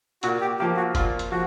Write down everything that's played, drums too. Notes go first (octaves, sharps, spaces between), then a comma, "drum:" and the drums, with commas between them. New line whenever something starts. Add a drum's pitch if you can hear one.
A#2 F#4, drum: hi-hat
G4
F3 A#3 G4
F#4
A#2 F4, drum: kick F#1, hi-hat
drum: hi-hat
F3 F#4